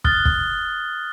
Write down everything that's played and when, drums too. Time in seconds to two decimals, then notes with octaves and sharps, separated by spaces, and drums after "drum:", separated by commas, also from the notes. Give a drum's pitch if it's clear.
0.04 D#6 F6 F#6 A6 G7, drum: kick
0.25 drum: kick